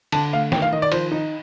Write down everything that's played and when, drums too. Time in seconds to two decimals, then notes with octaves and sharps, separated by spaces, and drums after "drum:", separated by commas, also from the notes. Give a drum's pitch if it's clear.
0.12 D3 A5, drum: cymbal
0.33 A3 F5
0.52 D#3 G5, drum: snare
0.62 F5
0.72 D#3 D#5
0.82 D5
0.92 F3 C5, drum: cymbal
1.12 D#4